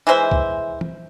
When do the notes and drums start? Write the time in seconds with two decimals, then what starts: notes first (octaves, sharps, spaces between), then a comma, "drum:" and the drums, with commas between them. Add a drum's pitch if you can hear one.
0.07 E3 G#3 C5 E5
0.31 drum: kick
0.81 drum: tom